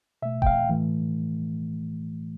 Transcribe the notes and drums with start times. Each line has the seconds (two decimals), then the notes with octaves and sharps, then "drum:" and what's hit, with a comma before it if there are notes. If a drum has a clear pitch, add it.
0.22 B2 A3 E5
0.42 G5, drum: kick E1
0.47 F5
0.69 A2 E3 A3